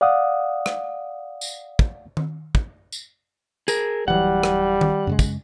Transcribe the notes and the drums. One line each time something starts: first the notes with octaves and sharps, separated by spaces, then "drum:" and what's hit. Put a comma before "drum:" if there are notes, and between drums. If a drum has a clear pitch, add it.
D5 F5 F#5 D#6
drum: rim click
drum: tambourine
drum: kick
drum: tom D#3
drum: kick
drum: tambourine
G#4 A#4, drum: tambourine
D1 E3 F#3 G3 F#5
drum: rim click
drum: tom D#3
F#2 C#3 G#3
drum: kick, tambourine